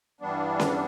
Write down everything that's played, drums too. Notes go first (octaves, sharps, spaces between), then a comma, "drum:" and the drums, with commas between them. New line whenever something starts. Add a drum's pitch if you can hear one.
G2 E3 G3 B3 D4
drum: snare C#4